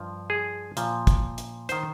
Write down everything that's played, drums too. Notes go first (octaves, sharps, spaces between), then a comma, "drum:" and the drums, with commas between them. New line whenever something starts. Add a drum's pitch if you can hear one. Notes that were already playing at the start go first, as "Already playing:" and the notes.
Already playing: G2 F3
G#4
A#2 F3, drum: hi-hat
drum: kick, hi-hat
drum: hi-hat
D#3 C5, drum: hi-hat